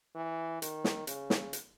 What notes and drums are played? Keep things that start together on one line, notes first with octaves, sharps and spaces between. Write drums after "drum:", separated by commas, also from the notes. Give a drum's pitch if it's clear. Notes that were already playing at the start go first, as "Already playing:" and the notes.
E3
D#3, drum: hi-hat
drum: snare
C#3, drum: hi-hat
drum: snare
drum: hi-hat